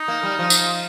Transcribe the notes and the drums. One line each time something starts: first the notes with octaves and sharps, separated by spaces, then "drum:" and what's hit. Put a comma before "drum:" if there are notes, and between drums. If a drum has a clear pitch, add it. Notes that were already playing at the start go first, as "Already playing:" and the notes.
Already playing: D#4
A#3
G3
F3
drum: tambourine